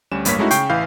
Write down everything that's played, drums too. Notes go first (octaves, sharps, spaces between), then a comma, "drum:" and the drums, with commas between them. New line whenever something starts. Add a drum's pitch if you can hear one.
D2 G3 C#4 E7
A1 G2 A#3 C#5 B6, drum: hi-hat
G#3 A3 C#4 D#4 E4 F#4
C#3 G5 C#6 G6 C7, drum: hi-hat
A1 E3 E4 F5 G6